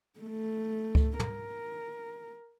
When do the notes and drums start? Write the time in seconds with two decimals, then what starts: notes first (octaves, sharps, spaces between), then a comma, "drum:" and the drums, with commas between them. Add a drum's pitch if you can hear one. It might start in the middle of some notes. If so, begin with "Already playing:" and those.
0.20 A3
0.95 drum: kick C#2
1.19 A#4, drum: tom